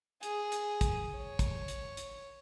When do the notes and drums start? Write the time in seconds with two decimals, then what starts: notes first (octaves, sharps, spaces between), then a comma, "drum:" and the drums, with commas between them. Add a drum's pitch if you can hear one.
0.23 G#4, drum: hi-hat
0.52 drum: hi-hat
0.81 drum: kick, hi-hat
1.17 C#5
1.39 drum: kick, hi-hat
1.68 drum: hi-hat
1.97 drum: hi-hat